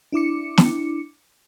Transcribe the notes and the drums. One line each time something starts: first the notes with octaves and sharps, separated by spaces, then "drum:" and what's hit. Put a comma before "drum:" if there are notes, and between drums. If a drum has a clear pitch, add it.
D4 E4 D6 C#7
drum: snare